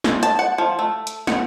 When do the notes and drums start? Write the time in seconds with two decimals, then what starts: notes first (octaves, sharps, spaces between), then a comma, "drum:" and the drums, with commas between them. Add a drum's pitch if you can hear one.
0.04 drum: snare
0.23 A5, drum: hi-hat
0.39 F#5
0.58 F3
0.79 A3
1.07 drum: hi-hat
1.27 F#5, drum: snare